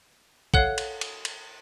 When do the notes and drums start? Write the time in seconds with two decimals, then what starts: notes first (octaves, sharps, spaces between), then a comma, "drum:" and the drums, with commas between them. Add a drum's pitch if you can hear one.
0.54 A4 C#5 F5 F#5 F#6, drum: kick
0.78 drum: cymbal
1.01 drum: cymbal
1.25 drum: cymbal